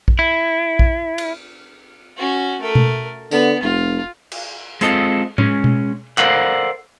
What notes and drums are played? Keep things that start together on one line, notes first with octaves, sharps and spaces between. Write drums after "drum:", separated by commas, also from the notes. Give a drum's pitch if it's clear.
drum: kick A#1
E4
drum: kick A#1
drum: cymbal
C#4 F#4
A3 A#4
drum: tom B2
D3 B3, drum: tambourine
F1 F4
drum: cymbal
G#3 C4 F4 A4 D#5, drum: hi-hat
G#3 C#4, drum: tom A2
drum: tom B2
A4 A#4 C5 D5 F5 F#5, drum: clap